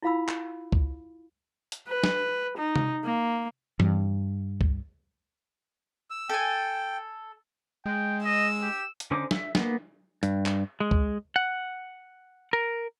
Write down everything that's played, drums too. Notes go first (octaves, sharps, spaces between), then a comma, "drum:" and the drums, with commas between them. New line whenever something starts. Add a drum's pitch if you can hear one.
E4 F4 F5 B5 E6
drum: clap
drum: kick C#2
drum: hi-hat
B4
drum: snare
D#4
drum: tom C3
A#3
G2, drum: tom E3
drum: kick C#2
E6
A4 G5 G#5
G#3 G5
D#5 E6
G4
drum: hi-hat
D3 C#4 D#4 C5 D6
E5, drum: snare
A#3 B3, drum: snare
G2, drum: hi-hat
drum: clap
G#3
drum: kick C#2
F#5
A#4